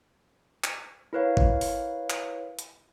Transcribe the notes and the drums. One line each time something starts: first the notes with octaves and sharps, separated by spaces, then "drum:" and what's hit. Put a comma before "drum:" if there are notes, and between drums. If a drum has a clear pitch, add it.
drum: clap
E4 A#4 B4 C#5 F5
drum: kick
drum: open hi-hat
drum: clap
drum: hi-hat